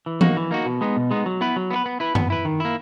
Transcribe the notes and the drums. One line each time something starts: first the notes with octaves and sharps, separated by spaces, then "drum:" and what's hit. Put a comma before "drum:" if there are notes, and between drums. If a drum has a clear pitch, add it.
E3
A#3 D#4 F#4, drum: tom E3
E3
A#3 D#4 F#4
B2
G#3 B3 D#4
B2
G#3 B3 D#4
F#3
B3 E4 B4
F#3
B3 E4
B4
B3
E4 B4
B3, drum: tom F#2
E4 B4
D#3
A#3 E4